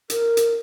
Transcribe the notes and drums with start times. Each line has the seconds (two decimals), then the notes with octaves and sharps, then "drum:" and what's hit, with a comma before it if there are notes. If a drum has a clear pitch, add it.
0.10 A#4, drum: hi-hat
0.37 drum: hi-hat